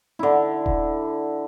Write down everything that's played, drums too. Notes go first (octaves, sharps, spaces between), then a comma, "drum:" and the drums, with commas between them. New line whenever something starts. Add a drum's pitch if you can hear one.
D3 E4
drum: kick D#1